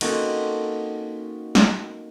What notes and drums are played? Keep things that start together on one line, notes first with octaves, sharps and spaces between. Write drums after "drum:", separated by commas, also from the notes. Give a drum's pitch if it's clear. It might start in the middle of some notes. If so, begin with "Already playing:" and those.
A#3 C4 C#4 D#4 F#4 A4, drum: cymbal
drum: snare